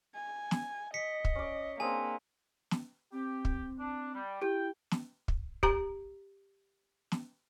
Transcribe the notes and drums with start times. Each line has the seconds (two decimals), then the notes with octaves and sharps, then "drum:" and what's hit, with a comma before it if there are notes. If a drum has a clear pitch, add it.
0.14 G#5
0.51 drum: snare
0.94 D#5 B6 C#7
1.25 drum: kick
1.35 C#4 D5
1.80 A#3 C4 D4 G#4 G#5
2.71 drum: snare
3.13 C4 G4
3.45 drum: kick
3.79 D4
4.14 G3
4.42 E4 G4 G5 D7
4.91 drum: snare
5.28 drum: kick
5.63 G4 A#5, drum: kick
7.12 drum: snare